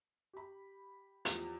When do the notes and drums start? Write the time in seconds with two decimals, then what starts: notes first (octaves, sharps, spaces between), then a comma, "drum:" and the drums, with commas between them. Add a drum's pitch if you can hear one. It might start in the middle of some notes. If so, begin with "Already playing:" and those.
0.33 G4 B5
1.25 E2 F3 G4 D#5, drum: hi-hat